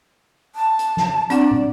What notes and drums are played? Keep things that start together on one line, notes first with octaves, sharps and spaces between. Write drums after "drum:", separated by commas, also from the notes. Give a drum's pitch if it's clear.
A5
drum: hi-hat
drum: snare
C4 D4 D5 F#5, drum: hi-hat
drum: tom